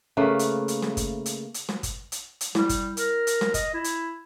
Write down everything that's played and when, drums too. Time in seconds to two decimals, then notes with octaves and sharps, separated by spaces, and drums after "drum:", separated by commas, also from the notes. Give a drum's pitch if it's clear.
0.17 C#3 A3 A#3 B4
0.39 drum: hi-hat
0.68 drum: hi-hat
0.82 drum: snare
0.97 drum: kick G1, hi-hat
1.26 drum: hi-hat
1.54 drum: hi-hat
1.69 drum: snare
1.83 drum: kick G1, hi-hat
2.12 drum: hi-hat
2.41 drum: hi-hat
2.55 G3 E4, drum: snare
2.69 drum: kick G1, hi-hat
2.97 A#4, drum: hi-hat
3.27 drum: hi-hat
3.41 drum: snare
3.54 D#5, drum: kick G1, hi-hat
3.73 E4
3.84 drum: hi-hat